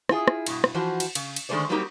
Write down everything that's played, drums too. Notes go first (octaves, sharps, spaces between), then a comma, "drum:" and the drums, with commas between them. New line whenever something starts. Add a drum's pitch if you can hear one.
E4 F4 G#4, drum: rim click
drum: rim click
G2 B2, drum: cymbal
drum: rim click
E3 F3 F#4 C5
drum: cymbal
C#3, drum: cymbal
drum: cymbal
D3 D#3 G#3 A3 C5 D5
F#3 G3 A#3 C4 D#4 G4